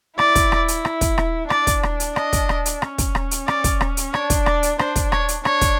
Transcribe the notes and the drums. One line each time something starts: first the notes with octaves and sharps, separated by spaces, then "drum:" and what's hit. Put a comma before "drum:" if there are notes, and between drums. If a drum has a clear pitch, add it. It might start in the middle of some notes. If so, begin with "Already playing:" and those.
E4 D5, drum: rim click
drum: kick, hi-hat
drum: rim click
drum: hi-hat
drum: rim click
drum: kick, hi-hat
drum: rim click
D4 D5, drum: rim click
drum: kick, hi-hat
drum: rim click
drum: hi-hat
D#5, drum: rim click
drum: kick, hi-hat
drum: rim click
drum: hi-hat
C#4, drum: rim click
drum: kick, hi-hat
drum: rim click
drum: hi-hat
D5, drum: rim click
drum: kick, hi-hat
drum: rim click
drum: hi-hat
D4 C#5, drum: rim click
drum: kick, hi-hat
D5, drum: rim click
drum: hi-hat
D4 C5, drum: rim click
drum: kick, hi-hat
C#5, drum: rim click
drum: hi-hat
D4 C#5, drum: rim click
drum: kick, hi-hat